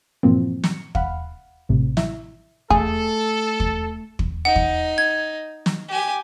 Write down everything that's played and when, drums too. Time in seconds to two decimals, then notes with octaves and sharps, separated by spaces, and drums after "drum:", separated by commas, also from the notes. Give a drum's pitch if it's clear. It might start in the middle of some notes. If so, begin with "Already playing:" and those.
0.23 G2 A#2 E3 F3 A#3 C4
0.64 C#7, drum: snare
0.95 F5 F#5 B5 F6, drum: kick
1.69 A1 A2 C3
1.97 E4 E5, drum: snare
2.70 A3 G#4 A4, drum: kick
3.60 drum: kick
4.19 drum: kick
4.45 D#4 F#5
4.56 drum: kick
4.98 G#6
5.66 drum: snare
5.88 G4 G#5